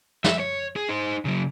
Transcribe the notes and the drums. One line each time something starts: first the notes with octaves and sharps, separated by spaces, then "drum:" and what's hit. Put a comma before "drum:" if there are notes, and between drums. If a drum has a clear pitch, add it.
E5, drum: snare
C#5
G#4
D#4 C5
C#3 F#3